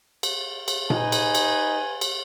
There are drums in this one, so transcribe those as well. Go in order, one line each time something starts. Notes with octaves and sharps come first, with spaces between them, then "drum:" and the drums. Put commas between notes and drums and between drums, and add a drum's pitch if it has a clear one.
drum: cymbal
drum: cymbal
D#4 B4 G#5, drum: tom A#2
drum: cymbal
drum: cymbal
drum: cymbal